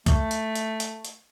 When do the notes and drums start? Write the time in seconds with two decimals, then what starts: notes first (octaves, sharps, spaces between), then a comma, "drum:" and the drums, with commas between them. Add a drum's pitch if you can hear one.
0.06 A3, drum: kick C2, hi-hat
0.31 drum: hi-hat
0.55 drum: hi-hat
0.80 drum: hi-hat
1.05 drum: hi-hat